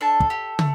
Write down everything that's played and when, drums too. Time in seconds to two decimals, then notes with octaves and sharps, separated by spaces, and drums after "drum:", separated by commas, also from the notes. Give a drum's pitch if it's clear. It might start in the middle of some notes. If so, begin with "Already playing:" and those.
0.01 D4 A4 A5
0.20 drum: kick
0.30 G4
0.59 A3, drum: tom